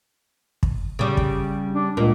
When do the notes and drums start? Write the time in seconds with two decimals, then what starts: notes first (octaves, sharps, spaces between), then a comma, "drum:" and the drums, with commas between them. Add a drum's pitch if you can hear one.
0.63 drum: kick
0.99 C#3 G3
1.17 drum: kick
1.71 D4
1.97 C#2 A#2